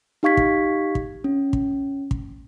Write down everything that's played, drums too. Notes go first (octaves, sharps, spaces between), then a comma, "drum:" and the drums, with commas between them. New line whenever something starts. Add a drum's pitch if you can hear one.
D#4 G4 F5 C#6 G#6 B6
drum: kick
drum: kick
C#4
drum: kick
drum: kick